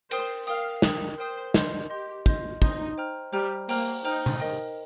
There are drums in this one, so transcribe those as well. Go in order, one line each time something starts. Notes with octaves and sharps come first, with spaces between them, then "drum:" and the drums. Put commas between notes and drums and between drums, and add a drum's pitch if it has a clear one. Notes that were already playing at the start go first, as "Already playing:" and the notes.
A#4 C5 G5 D#6, drum: cymbal
A#4 F5 G5 D#6
A#4 G5 D#6, drum: snare
A#4 C5 G5 D#6
D#5 C6 G6, drum: snare
G4 D#5 C6 G6
D#5 C6 G6, drum: kick
D#4 D#5 C6 G6, drum: kick
C5 G5 A#5 F6
G3 C5 G5 A#5 F6
A#3 C5 G5 A#5 F6, drum: open hi-hat
D#4 C5 G5 A#5 F6
drum: tom B2
A#4 D#5 G5